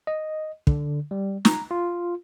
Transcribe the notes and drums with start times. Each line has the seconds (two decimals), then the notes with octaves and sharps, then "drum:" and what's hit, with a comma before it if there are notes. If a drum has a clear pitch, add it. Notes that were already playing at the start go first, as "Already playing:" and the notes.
0.07 D#5
0.67 D3, drum: kick
1.11 G3
1.45 A#5, drum: snare
1.71 F4